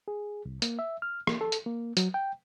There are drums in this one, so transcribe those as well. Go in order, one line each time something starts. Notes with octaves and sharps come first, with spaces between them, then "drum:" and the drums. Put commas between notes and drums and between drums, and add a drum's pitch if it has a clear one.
G#4
C2
A#3, drum: hi-hat
E5
F6
A#3, drum: rim click
A4
drum: hi-hat
A#3
F#3, drum: hi-hat
G5